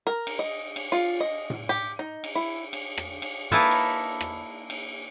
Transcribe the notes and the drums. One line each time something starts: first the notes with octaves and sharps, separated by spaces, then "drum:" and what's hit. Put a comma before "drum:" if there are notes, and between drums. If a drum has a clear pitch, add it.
A#4
drum: cymbal
D#5
drum: cymbal
F4
D#5
drum: tom A2
G4
D#4
drum: cymbal
E4
drum: cymbal
drum: rim click
drum: cymbal
A#3 D#4 E4 B4 G#5 A5
drum: cymbal
drum: rim click
drum: cymbal